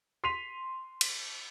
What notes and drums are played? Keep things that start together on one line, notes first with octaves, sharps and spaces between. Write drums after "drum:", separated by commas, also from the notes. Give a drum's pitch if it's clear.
C6 B6 C7 D#7 F7
drum: cymbal